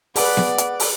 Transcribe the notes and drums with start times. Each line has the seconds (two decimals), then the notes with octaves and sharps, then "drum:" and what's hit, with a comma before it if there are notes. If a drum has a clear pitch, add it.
0.16 G#4 B4 D5 F#5, drum: open hi-hat
0.37 drum: snare B3
0.58 drum: hi-hat
0.80 drum: open hi-hat